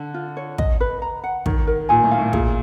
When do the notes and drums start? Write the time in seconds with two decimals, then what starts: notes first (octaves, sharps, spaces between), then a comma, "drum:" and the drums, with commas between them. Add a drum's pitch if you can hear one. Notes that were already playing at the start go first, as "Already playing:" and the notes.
Already playing: D3
0.14 F4
0.37 C#5
0.58 D#5, drum: kick
0.81 B4
1.02 A#5
1.24 F#5
1.46 D#3 C#5, drum: kick
1.67 A#4
1.89 A#2 G#5
2.04 A2
2.11 F5
2.19 A2
2.33 A#2 G#4, drum: kick